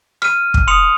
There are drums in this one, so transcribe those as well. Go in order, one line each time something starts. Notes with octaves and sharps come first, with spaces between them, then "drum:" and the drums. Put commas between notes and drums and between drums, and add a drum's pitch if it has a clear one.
F6 D#7, drum: rim click
drum: kick
C6 D#6 C#7 F7